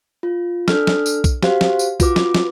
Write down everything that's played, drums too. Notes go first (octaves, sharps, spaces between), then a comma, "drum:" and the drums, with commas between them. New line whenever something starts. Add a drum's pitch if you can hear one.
F4
D4 A4 F6, drum: snare
drum: snare
drum: tambourine
drum: kick B1, tambourine
F#4 G4 C5 F5, drum: snare
drum: snare
drum: tambourine
F4 F#4 B4 D6, drum: kick B1, tambourine
drum: snare
drum: snare